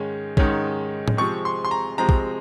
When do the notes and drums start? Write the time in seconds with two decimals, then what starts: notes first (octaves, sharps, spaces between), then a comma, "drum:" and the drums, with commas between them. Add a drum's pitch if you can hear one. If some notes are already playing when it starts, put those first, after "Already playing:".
Already playing: G#2 D#3 G#3 C#4
0.37 G#2 D#3 G#3 C#4, drum: kick
1.08 drum: tom A2
1.17 C3 F3 G#3 C4 C#6
1.45 C6
1.65 C6
1.71 A#5
1.98 C3 F3 G#3 C4 A#5
2.09 drum: kick